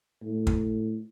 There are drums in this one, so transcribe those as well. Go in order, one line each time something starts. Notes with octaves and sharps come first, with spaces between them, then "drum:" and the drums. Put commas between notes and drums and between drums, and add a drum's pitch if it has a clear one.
A2
drum: kick